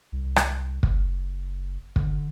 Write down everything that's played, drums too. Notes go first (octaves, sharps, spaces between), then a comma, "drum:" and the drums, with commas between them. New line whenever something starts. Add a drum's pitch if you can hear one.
C2
drum: rim click
F#1, drum: kick
D3, drum: kick